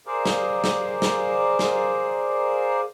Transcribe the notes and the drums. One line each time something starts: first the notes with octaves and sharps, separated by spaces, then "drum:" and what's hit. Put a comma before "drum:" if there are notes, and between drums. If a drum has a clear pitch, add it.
G#4 A#4 C5 D5 F5
drum: snare
drum: snare
drum: snare
drum: snare